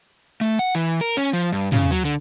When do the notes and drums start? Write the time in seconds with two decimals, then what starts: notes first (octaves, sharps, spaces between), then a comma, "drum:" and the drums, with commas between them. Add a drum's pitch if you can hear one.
0.41 A3
0.59 F#5
0.75 E3
1.01 A#4
1.17 C#4
1.33 F3
1.53 G2
1.72 C#3, drum: tom
1.91 F#3
2.05 D3